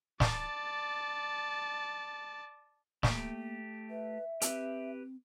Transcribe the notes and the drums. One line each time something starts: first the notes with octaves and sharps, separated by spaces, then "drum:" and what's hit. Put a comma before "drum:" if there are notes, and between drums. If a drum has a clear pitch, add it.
D5 A5, drum: snare
A3 A#3 G4, drum: snare
B4 E5
C4 G4 B4 E6, drum: hi-hat